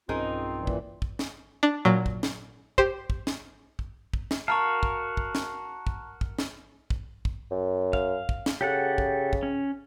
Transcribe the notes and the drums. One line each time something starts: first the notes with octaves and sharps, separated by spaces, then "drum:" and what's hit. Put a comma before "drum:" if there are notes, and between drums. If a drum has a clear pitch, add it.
B1 G2 C4 C#4 D#4 F4 G#4 A#4
A#2 E3
drum: kick
drum: kick
drum: snare
D4
A#2 F#3
drum: kick
drum: snare
G4 C5, drum: kick
drum: kick
drum: snare
drum: kick
drum: kick
drum: snare
F#4 A#4 F5 A5 A#5 C#6
drum: kick
drum: kick
drum: snare
drum: kick
drum: kick
drum: snare
drum: kick
drum: kick
F#2
F5, drum: kick
drum: kick
drum: snare
C#3 G4 A4 F#5
drum: kick
drum: kick
C#4